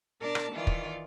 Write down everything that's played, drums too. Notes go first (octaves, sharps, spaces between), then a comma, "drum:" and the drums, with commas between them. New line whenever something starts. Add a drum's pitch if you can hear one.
B2 D4 A#4 D5 A5
drum: rim click
D#3 E3 F4 D5
drum: kick